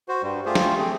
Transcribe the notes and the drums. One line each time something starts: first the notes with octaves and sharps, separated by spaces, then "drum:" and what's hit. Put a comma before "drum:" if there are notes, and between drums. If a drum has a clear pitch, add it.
F#4 C5
G2 G3
A3 F4 G4 G#4 C5
drum: snare
A3 C4 G#4